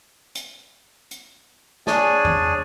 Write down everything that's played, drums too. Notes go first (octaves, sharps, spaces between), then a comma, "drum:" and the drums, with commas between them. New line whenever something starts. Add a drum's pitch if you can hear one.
drum: hi-hat
drum: hi-hat
D4 G#4 C#5 D5 G#5, drum: snare
drum: tom E2